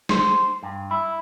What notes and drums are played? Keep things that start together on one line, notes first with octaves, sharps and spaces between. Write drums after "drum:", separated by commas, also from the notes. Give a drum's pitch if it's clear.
C5, drum: snare
G2
E4